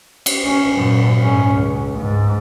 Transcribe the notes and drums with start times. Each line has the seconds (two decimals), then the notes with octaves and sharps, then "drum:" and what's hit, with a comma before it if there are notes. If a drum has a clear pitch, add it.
0.26 drum: cymbal
0.44 C#4
0.76 F#2 A#2
1.19 G#2 C#4
1.54 C#2
1.99 G#2